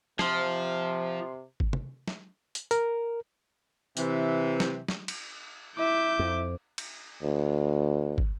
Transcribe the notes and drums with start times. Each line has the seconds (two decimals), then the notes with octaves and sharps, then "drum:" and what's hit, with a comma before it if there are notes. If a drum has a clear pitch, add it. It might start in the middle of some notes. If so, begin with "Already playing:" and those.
0.19 C3 F3 C6 C7, drum: rim click
1.60 drum: kick
1.73 drum: tom C3
2.08 drum: snare
2.55 drum: hi-hat
2.71 A#4, drum: hi-hat
3.97 C3 E3, drum: hi-hat
4.60 drum: snare
4.88 drum: snare
5.08 drum: cymbal
5.77 E4 E5 D6 G6
6.19 F2
6.78 drum: cymbal
7.23 D2
8.18 drum: kick